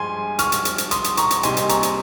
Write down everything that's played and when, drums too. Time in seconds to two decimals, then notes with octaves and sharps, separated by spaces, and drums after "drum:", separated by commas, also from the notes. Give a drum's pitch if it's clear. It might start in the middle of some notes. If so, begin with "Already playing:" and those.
Already playing: G2 F3 G#3 F4 G#5 C6
0.39 C#6 F6, drum: hi-hat
0.52 drum: hi-hat
0.65 drum: hi-hat
0.78 drum: hi-hat
0.91 C6 D#6, drum: hi-hat
1.04 drum: hi-hat
1.17 A#5 C#6, drum: hi-hat
1.30 drum: hi-hat
1.43 C3 G3 A#3 D#4 G#5 C6, drum: hi-hat
1.57 drum: hi-hat
1.69 A#5 C#6, drum: hi-hat
1.83 drum: hi-hat